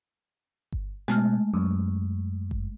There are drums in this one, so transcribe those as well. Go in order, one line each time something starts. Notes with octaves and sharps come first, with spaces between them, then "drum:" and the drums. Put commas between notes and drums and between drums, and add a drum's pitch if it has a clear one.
drum: kick G1
B2 G#3 A3 F6, drum: snare
F#2
drum: kick G1